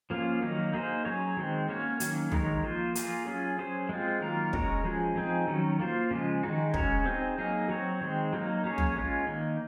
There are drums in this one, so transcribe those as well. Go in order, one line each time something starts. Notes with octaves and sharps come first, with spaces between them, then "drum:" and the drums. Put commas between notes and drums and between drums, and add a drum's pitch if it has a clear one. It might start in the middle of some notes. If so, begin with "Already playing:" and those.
F3 A#3 C#4 F4
D#3 F#3 A#3 D#4
A#3 D#4 G#4 C5
F#3 C#4 G#4 C#5
D#3 G#3 C4
A#3 C#4 F#4 C#5
D#3 F#3 A#3 C#4, drum: hi-hat
D#3 G#3 D#4 A#4 C#5, drum: tom
F3 A#3 F4 C5
A#3 F4 G#4, drum: hi-hat
F#3 C#4 F4 G#4
F#3 C#4 G#4 C5
G#3 C4 F4
D#3 F#3 A#3 F4 A#4
G#3 C#4 F#4 A#4 C#5, drum: kick
F3 G#3 C#4 G#4
F3 C4 D#4 G#4
D#3 F#3 C#4
A#3 F4 C5
C#3 F3 G#3
D#3 G#3 D#4 F#4
G#3 C#4 F#4 C#5, drum: kick
C4 D#4 G#4
F#3 A#3 D#4 G#4
F#3 C4 F#4 C#5
D#3 G#3 C4
F#3 A#3 D#4
A#3 C#4 G#4 C#5
drum: tom
G#3 C#4 F4
D#3 A#3 D#4